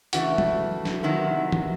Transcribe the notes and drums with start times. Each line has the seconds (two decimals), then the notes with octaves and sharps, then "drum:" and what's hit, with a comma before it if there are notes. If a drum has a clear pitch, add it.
0.13 C#3 E3 A3 F#4, drum: hi-hat
0.38 drum: tom
0.85 drum: snare
1.03 C3 D#3 F#3 B3 E4
1.52 drum: tom